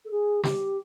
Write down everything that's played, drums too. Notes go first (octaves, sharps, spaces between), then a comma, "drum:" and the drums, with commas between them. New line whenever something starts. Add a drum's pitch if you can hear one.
A4
G#4
G4, drum: snare